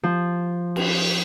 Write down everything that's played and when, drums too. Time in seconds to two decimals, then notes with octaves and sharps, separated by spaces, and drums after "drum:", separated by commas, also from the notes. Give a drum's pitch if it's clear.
0.03 F3
0.76 drum: cymbal